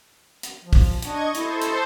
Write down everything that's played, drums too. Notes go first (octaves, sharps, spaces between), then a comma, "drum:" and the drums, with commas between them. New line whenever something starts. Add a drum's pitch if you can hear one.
drum: hi-hat
F3
drum: kick, open hi-hat
D4 D#5 C#6 G#6, drum: hi-hat
E4 A4 C5, drum: hi-hat
drum: hi-hat